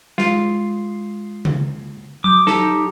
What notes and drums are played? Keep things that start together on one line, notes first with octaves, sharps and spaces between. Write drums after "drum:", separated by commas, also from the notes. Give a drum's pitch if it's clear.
G#3 F4 C7, drum: snare
drum: tom C#3
F#3 D6 D#6 G6
D#4 G4 A4, drum: snare